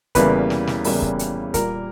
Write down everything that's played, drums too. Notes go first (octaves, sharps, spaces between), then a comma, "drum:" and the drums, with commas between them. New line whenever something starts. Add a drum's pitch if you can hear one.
E2 C#3 E3 G3 A#3 B4, drum: kick C#1, hi-hat
drum: snare
drum: snare
E2 C#3 E3 G3 A#3, drum: open hi-hat
drum: kick C#1
drum: hi-hat
A#2 G3 A#3 A#4, drum: kick C#1, hi-hat